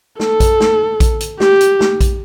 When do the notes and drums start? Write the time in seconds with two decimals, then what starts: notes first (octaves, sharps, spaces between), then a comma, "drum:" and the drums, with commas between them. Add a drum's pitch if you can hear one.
0.20 A4, drum: snare
0.40 drum: kick A#1, hi-hat
0.60 drum: snare
1.00 drum: kick A#1, hi-hat
1.20 drum: hi-hat
1.40 G4, drum: snare
1.61 drum: hi-hat
1.81 drum: snare
2.01 drum: kick A#1, hi-hat